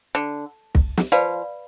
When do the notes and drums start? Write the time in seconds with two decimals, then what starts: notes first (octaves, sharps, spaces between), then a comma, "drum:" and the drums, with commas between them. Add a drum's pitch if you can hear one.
0.15 D3
0.75 drum: kick
0.97 drum: snare
1.12 F3 B4 D5 F5 B5